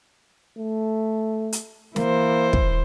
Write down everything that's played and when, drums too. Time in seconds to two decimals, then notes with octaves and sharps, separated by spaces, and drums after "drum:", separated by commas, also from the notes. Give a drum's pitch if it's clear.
0.57 A3
1.53 drum: hi-hat
1.96 E3 A#3 C5, drum: snare
2.53 drum: kick